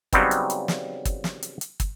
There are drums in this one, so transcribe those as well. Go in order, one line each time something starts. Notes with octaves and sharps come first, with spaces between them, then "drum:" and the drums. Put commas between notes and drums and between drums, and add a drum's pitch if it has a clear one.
C#3 F#3 G3 B3 C4 D#4, drum: kick, hi-hat
drum: hi-hat
drum: hi-hat
drum: snare
drum: kick, hi-hat
drum: snare
drum: hi-hat
drum: hi-hat
drum: kick, hi-hat